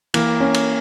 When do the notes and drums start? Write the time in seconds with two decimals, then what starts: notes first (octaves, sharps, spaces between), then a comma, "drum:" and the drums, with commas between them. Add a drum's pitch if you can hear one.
0.14 E3 A#3, drum: cymbal
0.40 C#4
0.54 drum: cymbal